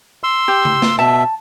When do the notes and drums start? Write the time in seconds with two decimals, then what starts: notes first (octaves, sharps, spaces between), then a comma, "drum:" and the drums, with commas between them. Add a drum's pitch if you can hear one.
0.24 C6 E6
0.48 G4
0.65 drum: tom C#3
0.82 drum: snare
0.99 B2 E5 A5